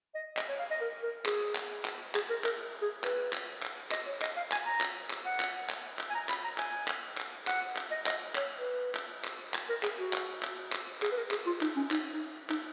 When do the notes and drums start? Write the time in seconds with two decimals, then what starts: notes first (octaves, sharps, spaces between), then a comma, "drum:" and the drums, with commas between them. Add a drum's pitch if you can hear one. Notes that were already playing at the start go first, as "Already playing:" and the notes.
0.15 D#5
0.37 D#5, drum: clap
0.49 C#5
0.59 F5
0.71 D#5
0.81 A#4
1.03 A#4
1.26 G#4, drum: clap
1.56 drum: clap
1.85 drum: clap
2.15 G#4, drum: clap
2.30 A#4
2.44 A#4, drum: clap
2.82 G#4
3.04 B4, drum: clap
3.33 drum: clap
3.63 drum: clap
3.92 D#5, drum: clap
4.07 C#5
4.22 D#5, drum: clap
4.36 F5
4.52 G#5, drum: clap
4.66 A#5
4.81 drum: clap
5.10 drum: clap
5.25 F#5
5.40 drum: clap
5.70 drum: clap
5.99 drum: clap
6.10 G#5
6.15 A#5
6.29 B5, drum: clap
6.44 A#5
6.58 G#5, drum: clap
6.88 drum: clap
7.18 drum: clap
7.47 F#5, drum: clap
7.77 drum: clap
7.91 D#5
8.06 D#5, drum: clap
8.36 C#5, drum: clap
8.58 B4
8.95 drum: clap
9.25 drum: clap
9.54 drum: clap
9.69 A#4
9.83 G#4, drum: clap
9.98 F#4
10.13 drum: clap
10.43 drum: clap
10.73 drum: clap
11.02 G#4, drum: clap
11.12 B4
11.17 A#4
11.31 G#4, drum: clap
11.46 F4
11.61 D#4, drum: clap
11.76 C#4
11.91 D#4, drum: clap
12.13 D#4
12.50 D#4, drum: clap